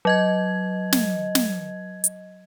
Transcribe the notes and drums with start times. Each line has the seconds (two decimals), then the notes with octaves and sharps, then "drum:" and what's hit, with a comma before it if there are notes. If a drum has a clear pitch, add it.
0.05 F#3 D#5 G#6
0.92 drum: snare
1.35 drum: snare
2.04 drum: hi-hat